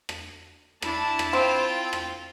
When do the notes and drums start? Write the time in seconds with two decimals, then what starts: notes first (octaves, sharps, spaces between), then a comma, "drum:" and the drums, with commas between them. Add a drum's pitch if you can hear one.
0.09 drum: rim click
0.82 D4 E4 A5, drum: rim click
1.19 drum: rim click
1.33 C4 F4 G5
1.93 drum: rim click